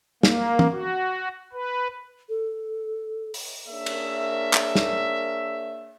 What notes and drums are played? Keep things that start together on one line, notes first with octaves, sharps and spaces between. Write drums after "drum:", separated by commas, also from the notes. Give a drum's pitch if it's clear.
A#3, drum: snare
drum: tom
F#4
B4
A4
drum: open hi-hat
A#3 D4 G#4 A#4 C#5 E5
drum: cymbal
drum: clap
drum: snare